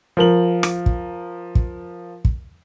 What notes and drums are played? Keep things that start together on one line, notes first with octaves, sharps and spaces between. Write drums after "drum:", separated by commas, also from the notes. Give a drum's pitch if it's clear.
F3 A#4 F#7
drum: rim click
drum: kick
drum: kick
drum: kick